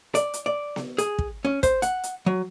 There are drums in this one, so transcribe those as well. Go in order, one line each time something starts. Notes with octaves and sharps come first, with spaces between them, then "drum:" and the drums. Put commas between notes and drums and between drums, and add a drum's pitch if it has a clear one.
D5, drum: hi-hat
drum: hi-hat
D5
drum: snare B3
G#4, drum: hi-hat
drum: kick
C#4
C5, drum: kick, hi-hat
F#5, drum: hi-hat
drum: hi-hat
F#3